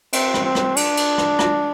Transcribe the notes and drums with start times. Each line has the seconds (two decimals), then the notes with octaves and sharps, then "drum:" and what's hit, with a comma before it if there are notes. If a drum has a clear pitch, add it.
0.13 C4, drum: cymbal
0.34 drum: rim click
0.44 C4
0.55 drum: rim click
0.76 D4, drum: cymbal
0.97 drum: cymbal
1.18 drum: rim click
1.39 drum: rim click